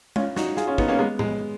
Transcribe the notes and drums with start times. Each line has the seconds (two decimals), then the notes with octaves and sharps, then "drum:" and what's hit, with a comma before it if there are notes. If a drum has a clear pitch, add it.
0.16 C#4 F4, drum: tom G#3
0.36 D#4 F#4, drum: snare
0.57 F4 G#4, drum: snare
0.67 C#4 F4
0.78 B3 D#4, drum: kick
0.88 A#3 C#4
0.99 G#3 B3
1.19 G#3, drum: tom A2